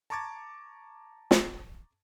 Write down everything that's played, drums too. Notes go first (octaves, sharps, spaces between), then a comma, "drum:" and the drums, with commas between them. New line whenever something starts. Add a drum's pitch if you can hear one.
A5 A#5 C#6 D6 G#6 A6
drum: snare